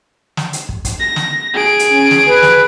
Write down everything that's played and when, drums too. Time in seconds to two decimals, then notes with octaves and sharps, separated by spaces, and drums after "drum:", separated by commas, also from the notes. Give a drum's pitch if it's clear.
0.37 drum: snare
0.53 drum: hi-hat
0.69 drum: kick
0.85 drum: kick, hi-hat
1.00 A#6
1.16 drum: snare
1.54 G#4 D7
1.79 drum: hi-hat
1.89 C#4
2.11 drum: snare
2.27 B4
2.43 drum: snare